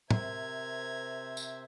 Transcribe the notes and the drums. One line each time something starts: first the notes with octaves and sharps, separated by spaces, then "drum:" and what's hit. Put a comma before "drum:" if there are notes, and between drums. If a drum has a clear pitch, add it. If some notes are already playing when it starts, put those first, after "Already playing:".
C3 A#4 C5 E5 G#6, drum: tom
drum: tambourine